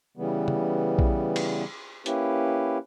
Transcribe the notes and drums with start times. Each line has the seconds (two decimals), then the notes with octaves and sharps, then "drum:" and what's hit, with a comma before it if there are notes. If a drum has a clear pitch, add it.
0.17 C#3 E3 G3 B3
0.48 drum: tom C#3
0.99 drum: kick A#1
1.36 drum: cymbal
2.06 A#3 C#4 E4 G4 B4, drum: hi-hat